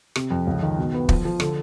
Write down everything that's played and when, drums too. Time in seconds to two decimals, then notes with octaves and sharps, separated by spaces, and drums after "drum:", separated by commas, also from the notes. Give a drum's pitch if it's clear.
0.16 C3, drum: rim click
0.30 F2
0.47 C#2
0.62 D#3
0.78 B2
0.94 B3
1.09 F3, drum: kick
1.25 F3
1.40 D3, drum: rim click